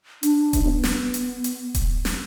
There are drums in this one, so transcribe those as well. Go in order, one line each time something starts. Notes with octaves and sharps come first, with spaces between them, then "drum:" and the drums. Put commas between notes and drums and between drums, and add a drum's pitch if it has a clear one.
D4, drum: hi-hat
drum: kick D#1, hi-hat
B3
drum: snare
drum: hi-hat
drum: hi-hat
drum: kick D#1, hi-hat
drum: snare